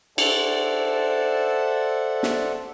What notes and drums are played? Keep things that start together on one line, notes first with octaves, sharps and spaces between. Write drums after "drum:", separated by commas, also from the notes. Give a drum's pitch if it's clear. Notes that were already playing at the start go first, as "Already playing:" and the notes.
A4 C5 D5 E5 F#5 A5, drum: cymbal
drum: snare